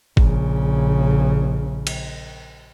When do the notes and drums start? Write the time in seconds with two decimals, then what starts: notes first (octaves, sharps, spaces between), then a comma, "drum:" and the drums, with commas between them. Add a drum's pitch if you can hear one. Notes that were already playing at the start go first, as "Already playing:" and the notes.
0.17 A#1 C#3, drum: kick G1
1.87 drum: cymbal